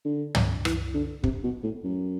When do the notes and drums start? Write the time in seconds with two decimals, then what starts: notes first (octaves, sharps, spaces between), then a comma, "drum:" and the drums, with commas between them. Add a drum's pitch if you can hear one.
0.05 D3
0.35 drum: tom
0.65 E3, drum: rim click
0.94 D3
1.24 C3, drum: kick
1.44 B2
1.64 A2
1.84 F#2